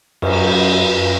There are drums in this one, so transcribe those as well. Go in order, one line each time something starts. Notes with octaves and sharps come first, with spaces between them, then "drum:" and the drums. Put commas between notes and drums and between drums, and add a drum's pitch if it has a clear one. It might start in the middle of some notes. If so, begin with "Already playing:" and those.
F#2, drum: cymbal